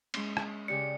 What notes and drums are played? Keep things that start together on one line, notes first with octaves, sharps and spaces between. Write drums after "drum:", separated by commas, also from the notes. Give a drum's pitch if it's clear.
G#3 C#4, drum: cymbal
drum: rim click
C#3 G4 D5 C#7